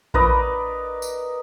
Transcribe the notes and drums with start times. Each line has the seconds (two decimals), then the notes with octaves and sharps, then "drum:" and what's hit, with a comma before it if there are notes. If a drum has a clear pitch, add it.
0.14 A#4 B4 D5 D#5, drum: kick A#1
1.02 drum: tambourine